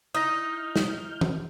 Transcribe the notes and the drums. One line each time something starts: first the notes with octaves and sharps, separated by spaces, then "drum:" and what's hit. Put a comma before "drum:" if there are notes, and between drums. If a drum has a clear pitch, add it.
D#4 E4 D#6 F6 G6 A#6
drum: snare
drum: tom E3